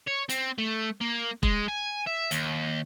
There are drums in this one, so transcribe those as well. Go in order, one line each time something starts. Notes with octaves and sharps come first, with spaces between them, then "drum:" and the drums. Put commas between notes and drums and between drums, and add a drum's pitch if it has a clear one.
C#5
C4, drum: hi-hat
A3
A#3
G#3, drum: kick E1
G#5
E5
D#2, drum: hi-hat